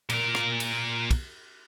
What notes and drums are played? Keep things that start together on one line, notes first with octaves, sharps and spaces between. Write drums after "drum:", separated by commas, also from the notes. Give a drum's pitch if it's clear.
A#2 A#4, drum: cymbal
drum: rim click
drum: cymbal
drum: kick, cymbal